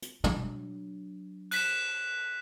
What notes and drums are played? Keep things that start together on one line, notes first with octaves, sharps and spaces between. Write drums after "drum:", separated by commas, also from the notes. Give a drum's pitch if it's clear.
drum: hi-hat
F#3 D4, drum: tom
F#6 B6 E7, drum: cymbal